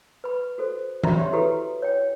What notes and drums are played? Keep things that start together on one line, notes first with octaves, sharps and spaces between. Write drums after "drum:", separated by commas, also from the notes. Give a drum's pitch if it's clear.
B4 B5
F#4 A4 C5
C#4 D5 E5 A#5 B5, drum: tom
G4 C#5 E5 C6
E4 F#4 G4 A4 B4 E5
C#5 G5